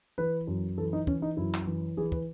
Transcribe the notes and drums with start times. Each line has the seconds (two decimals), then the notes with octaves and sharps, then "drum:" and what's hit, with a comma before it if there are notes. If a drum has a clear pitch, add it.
0.18 E3 B4
0.47 F#2
0.78 E3 A4
0.93 D#4
1.07 E3 C#4, drum: kick
1.22 D#4
1.37 F#2 E4
1.54 drum: clap
1.67 E3
1.97 E3 G#4
2.12 B4, drum: kick